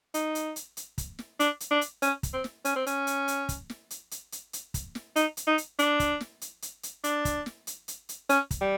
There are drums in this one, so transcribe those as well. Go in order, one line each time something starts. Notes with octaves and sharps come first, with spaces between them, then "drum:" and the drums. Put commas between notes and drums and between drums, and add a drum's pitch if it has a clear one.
D#4, drum: hi-hat
drum: hi-hat
drum: hi-hat
drum: hi-hat
drum: kick, hi-hat
drum: snare
D4, drum: hi-hat
drum: hi-hat
D4
drum: hi-hat
C#4, drum: hi-hat
drum: kick, hi-hat
C4
drum: snare
C#4, drum: hi-hat
C4
C#4, drum: hi-hat
drum: hi-hat
drum: hi-hat
drum: kick, hi-hat
drum: snare
drum: hi-hat
drum: hi-hat
drum: hi-hat
drum: hi-hat
drum: kick, hi-hat
drum: snare
D#4, drum: hi-hat
drum: hi-hat
D#4
drum: hi-hat
D4, drum: hi-hat
drum: kick, hi-hat
drum: snare
drum: hi-hat
drum: hi-hat
drum: hi-hat
D4, drum: hi-hat
drum: kick, hi-hat
drum: snare
drum: hi-hat
drum: hi-hat
drum: hi-hat
C#4, drum: hi-hat
drum: kick, hi-hat
G3